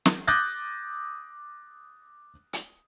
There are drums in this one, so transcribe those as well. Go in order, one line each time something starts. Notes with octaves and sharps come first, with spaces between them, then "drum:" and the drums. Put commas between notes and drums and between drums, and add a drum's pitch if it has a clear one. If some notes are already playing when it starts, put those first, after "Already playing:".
drum: snare
D6 D#6 F#6 G6 A6 A#6
drum: hi-hat